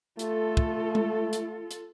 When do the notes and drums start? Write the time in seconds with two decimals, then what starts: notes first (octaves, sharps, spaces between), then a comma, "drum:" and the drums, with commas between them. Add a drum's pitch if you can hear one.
0.19 A3 F4 A4, drum: hi-hat
0.57 drum: kick
0.95 drum: tom G#3
1.33 drum: hi-hat
1.71 drum: hi-hat